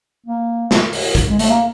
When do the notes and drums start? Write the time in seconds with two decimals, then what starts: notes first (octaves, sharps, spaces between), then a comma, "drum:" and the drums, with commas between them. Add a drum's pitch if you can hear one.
0.26 A#3
0.71 drum: snare
0.93 drum: open hi-hat
1.15 drum: kick A#1, hi-hat
1.30 G#3
1.39 A3, drum: hi-hat
1.50 A#3